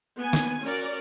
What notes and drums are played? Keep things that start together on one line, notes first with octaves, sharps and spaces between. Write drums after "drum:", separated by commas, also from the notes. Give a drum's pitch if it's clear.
B3 G#5
drum: snare
C#4 F#4 A#4 D5